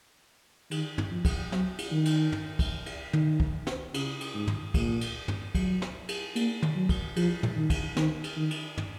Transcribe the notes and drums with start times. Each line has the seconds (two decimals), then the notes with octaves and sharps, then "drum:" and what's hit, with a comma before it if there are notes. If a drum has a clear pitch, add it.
0.71 D#3, drum: cymbal
0.98 drum: tom
1.12 F3
1.25 drum: kick, cymbal
1.52 F#3, drum: snare
1.79 drum: cymbal
1.92 D#3
2.05 drum: cymbal
2.32 drum: tom
2.59 drum: kick, cymbal
2.86 drum: cymbal
3.13 D#3, drum: tom
3.40 drum: kick
3.67 drum: snare
3.94 C#3, drum: cymbal
4.21 drum: cymbal
4.34 G#2
4.47 drum: tom
4.74 A#2, drum: kick, cymbal
5.01 drum: cymbal
5.28 drum: tom
5.55 F#3, drum: kick, cymbal
5.82 drum: snare
6.09 drum: cymbal
6.36 A#3, drum: cymbal
6.62 drum: tom
6.76 F#3
6.89 drum: kick, cymbal
7.16 F3, drum: cymbal
7.43 drum: tom
7.56 D#3
7.70 drum: kick, cymbal
7.97 D#3, drum: snare
8.24 drum: cymbal
8.37 D#3
8.51 drum: cymbal
8.78 drum: tom